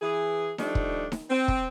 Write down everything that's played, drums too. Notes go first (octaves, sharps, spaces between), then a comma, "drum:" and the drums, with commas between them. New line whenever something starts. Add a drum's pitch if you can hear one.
E3 G#4
F3 G3 A3 D4 D#4, drum: snare D#4
drum: kick
drum: snare D#4
C4
drum: kick